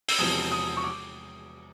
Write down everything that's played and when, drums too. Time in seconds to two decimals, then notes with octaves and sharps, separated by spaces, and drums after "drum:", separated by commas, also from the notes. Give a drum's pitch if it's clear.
0.08 E6, drum: open hi-hat
0.19 E1 E2 C3 F3 D#6
0.52 D#6
0.77 C#6
0.84 D6